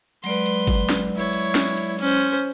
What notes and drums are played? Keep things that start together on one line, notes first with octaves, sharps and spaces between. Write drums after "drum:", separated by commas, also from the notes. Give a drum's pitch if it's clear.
F#3 G#3 B4 D5 C6, drum: cymbal
drum: cymbal
drum: kick G1, cymbal
drum: snare
E4 C#5
drum: cymbal
drum: snare
drum: cymbal
C#4 C5, drum: cymbal
drum: cymbal